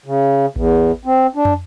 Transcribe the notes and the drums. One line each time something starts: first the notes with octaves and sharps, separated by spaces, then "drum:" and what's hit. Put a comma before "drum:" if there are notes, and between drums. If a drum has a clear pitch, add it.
C#3
E2, drum: kick A1
C4
D4
drum: tom